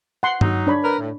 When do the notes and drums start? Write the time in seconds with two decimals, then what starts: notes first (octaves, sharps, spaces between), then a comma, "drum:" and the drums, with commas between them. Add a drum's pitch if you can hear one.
0.23 F#5 C6
0.41 F#3 D#4, drum: tom G2
0.67 D4 C#5 B5
0.83 A#4 B4
0.99 A2